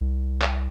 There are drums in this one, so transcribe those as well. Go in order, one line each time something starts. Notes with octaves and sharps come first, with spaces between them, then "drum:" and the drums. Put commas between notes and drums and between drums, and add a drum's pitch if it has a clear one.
C2
drum: clap